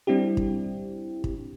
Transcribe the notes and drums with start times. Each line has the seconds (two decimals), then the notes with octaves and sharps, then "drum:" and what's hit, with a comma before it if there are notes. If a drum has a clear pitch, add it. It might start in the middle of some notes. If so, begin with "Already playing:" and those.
0.07 G3 C4 D4 E4 G4
0.37 drum: kick
1.24 drum: kick